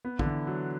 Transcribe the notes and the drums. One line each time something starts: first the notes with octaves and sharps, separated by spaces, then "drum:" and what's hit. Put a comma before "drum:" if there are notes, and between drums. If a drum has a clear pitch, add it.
B3
D3, drum: kick
E3
F#3